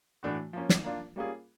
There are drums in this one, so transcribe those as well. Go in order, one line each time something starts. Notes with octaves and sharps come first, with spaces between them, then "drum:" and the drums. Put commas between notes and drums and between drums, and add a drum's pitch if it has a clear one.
A2 E3 A3 D4 F#4
F3 A#3 C#4
drum: snare
A#3 D4 F4
G3 A#3 C#4 F4 G#4